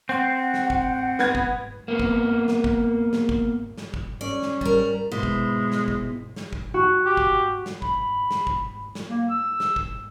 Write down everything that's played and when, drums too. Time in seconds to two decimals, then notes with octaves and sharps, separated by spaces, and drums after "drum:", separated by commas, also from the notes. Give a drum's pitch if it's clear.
0.09 C4 F#5
0.54 drum: snare
0.70 drum: kick
1.19 B3 G#6, drum: snare
1.35 drum: kick
1.88 A#3 B3
2.00 drum: kick
2.48 drum: snare
2.64 drum: kick
3.13 drum: snare
3.29 drum: kick
3.78 drum: snare
3.94 drum: kick
4.21 C#4 D5
4.42 drum: snare
4.61 G3 A#4, drum: kick
5.12 B2 G#3 E4 C5
5.23 drum: kick
5.72 drum: snare
5.88 drum: kick
6.36 drum: snare
6.53 drum: kick
6.74 F#4
7.06 G4
7.17 drum: kick
7.66 drum: snare
7.82 B5, drum: kick
8.31 drum: snare
8.47 drum: kick
8.95 drum: snare
9.08 A#3
9.30 E6
9.60 drum: snare
9.76 drum: kick